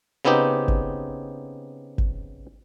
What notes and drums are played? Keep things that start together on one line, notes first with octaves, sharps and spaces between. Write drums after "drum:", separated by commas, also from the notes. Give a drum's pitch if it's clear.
C#3 B3 C4 D#4 G4
drum: kick
drum: kick